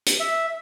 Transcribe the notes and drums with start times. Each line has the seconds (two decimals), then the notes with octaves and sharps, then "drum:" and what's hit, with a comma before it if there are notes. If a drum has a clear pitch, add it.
0.06 drum: hi-hat
0.20 E5